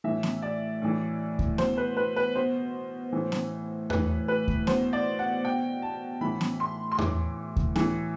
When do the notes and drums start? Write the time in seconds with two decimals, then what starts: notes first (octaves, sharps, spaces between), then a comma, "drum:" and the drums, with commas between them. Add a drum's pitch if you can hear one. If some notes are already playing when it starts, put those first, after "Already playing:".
0.04 A2 E3 E5
0.23 drum: snare
0.42 D5
0.82 A2 E3
1.39 drum: kick D2
1.58 B2 C5, drum: snare
1.77 B4
1.97 B4
2.16 B4
2.35 B2 C5
3.12 A2 E3
3.32 drum: snare
3.90 A2 E3 B4, drum: tom E2
4.28 B4
4.48 drum: kick D2
4.67 B2 C5, drum: snare
4.93 D5
5.19 F#5
5.44 B2 G5
5.82 A5
6.21 A2 E3 B5
6.41 drum: snare
6.60 C6
6.92 C6
6.98 A2 E3 D6, drum: tom E2
7.56 drum: kick D2
7.76 A2 E3, drum: snare